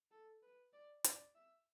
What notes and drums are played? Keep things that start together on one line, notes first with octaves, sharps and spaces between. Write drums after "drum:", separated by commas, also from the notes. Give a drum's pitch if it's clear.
A4
B4
D5
D5, drum: hi-hat
E5